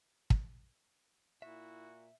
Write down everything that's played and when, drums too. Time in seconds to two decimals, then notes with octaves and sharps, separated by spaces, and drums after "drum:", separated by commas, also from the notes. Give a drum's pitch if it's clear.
0.30 drum: kick
1.42 A#2 E4 F#4 E5